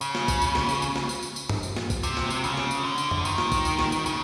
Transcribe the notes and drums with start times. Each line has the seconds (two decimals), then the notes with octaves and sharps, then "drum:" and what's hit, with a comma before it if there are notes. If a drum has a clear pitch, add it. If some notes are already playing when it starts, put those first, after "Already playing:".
0.01 C#3, drum: tambourine
0.15 drum: snare
0.28 drum: kick, tambourine
0.42 drum: tambourine
0.55 drum: snare
0.69 drum: tambourine
0.82 drum: tambourine
0.96 drum: snare
1.09 drum: tambourine
1.23 drum: tambourine
1.36 drum: tambourine
1.50 drum: tom G2
1.63 drum: tambourine
1.76 drum: snare
1.90 drum: kick, tambourine
2.03 C3, drum: tambourine
2.17 drum: snare
2.30 drum: tambourine
2.44 C#3, drum: tambourine
2.57 drum: snare
2.71 drum: tambourine
2.84 D3
2.98 drum: tambourine
3.11 drum: tom F2
3.25 D#3, drum: tambourine
3.38 drum: snare
3.52 drum: kick, tambourine
3.65 drum: tambourine
3.79 drum: snare
3.92 drum: tambourine
4.06 C#3, drum: tambourine